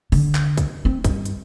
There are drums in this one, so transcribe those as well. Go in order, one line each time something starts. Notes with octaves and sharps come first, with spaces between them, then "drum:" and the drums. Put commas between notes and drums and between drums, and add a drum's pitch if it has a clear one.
D3, drum: open hi-hat
drum: clap
drum: kick, hi-hat
C4
G2, drum: kick, hi-hat
drum: hi-hat